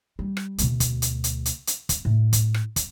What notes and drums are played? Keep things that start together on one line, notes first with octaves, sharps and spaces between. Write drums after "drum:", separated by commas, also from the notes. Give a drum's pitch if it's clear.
G3
drum: rim click
D2 B2, drum: hi-hat
drum: kick, hi-hat
drum: hi-hat
drum: hi-hat
drum: hi-hat
drum: hi-hat
drum: kick, hi-hat
A2
drum: kick, hi-hat
drum: rim click
drum: kick, hi-hat